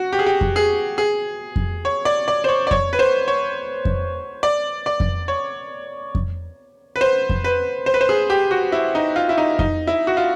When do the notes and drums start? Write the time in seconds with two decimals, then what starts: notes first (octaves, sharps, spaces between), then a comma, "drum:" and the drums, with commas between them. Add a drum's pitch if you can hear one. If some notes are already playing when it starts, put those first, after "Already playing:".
Already playing: F#4
0.13 G4
0.19 G#4
0.26 G4
0.41 drum: kick F2
0.56 G#4
0.98 G#4
1.56 drum: kick F2
1.85 C#5
2.05 D5
2.28 D5
2.44 C5
2.48 C#5
2.67 D5
2.71 C#5, drum: kick F2
2.93 B4
2.99 C5
3.28 C#5
3.85 drum: kick F2
4.43 D5
4.86 D5
5.00 drum: kick F2
5.28 C#5
6.15 drum: kick F2
6.96 B4
7.01 C5
7.29 drum: kick F2
7.44 B4
7.86 C5
7.94 B4
8.01 C5
8.09 G#4
8.30 G4
8.51 F#4
8.72 E4
8.95 D#4
9.16 F4
9.29 E4
9.38 D#4
9.59 D#4, drum: kick F2
9.87 E4
10.07 F#4
10.17 F4